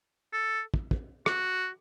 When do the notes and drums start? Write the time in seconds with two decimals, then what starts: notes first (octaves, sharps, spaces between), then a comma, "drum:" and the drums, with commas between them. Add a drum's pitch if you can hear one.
0.33 A4
0.74 drum: kick
0.91 drum: kick
1.26 F#4, drum: rim click